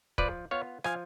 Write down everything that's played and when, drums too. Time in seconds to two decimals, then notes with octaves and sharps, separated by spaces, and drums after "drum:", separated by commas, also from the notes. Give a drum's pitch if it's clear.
0.18 F3 B4 D5, drum: kick
0.51 B3 F4 C#5 F5
0.84 F3 F5 G#5, drum: rim click